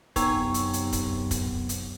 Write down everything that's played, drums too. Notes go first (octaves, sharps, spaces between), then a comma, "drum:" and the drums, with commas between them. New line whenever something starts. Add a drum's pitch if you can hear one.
F#2 C3 B3 D#4 C#5 G5 A#5, drum: kick, hi-hat
drum: hi-hat
drum: hi-hat
drum: kick, hi-hat
drum: kick, hi-hat
drum: hi-hat